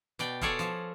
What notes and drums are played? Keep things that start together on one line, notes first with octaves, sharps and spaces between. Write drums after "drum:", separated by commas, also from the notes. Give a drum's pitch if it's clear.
B2 D5 G5, drum: hi-hat
F4 G#4 A4 C#5 D5, drum: kick, hi-hat
F3, drum: hi-hat